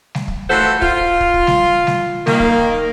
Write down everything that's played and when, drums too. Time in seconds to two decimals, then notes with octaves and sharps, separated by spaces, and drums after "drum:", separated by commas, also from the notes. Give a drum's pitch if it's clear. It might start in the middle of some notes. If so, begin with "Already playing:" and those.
0.15 drum: snare G3
0.28 drum: kick
0.49 E3 A3 F4 F#4 A4 C5
0.82 F4, drum: kick
1.21 drum: kick
1.34 drum: kick
1.47 drum: snare G3
1.87 drum: snare G3
2.27 D#3 A#3, drum: snare G3
2.40 drum: kick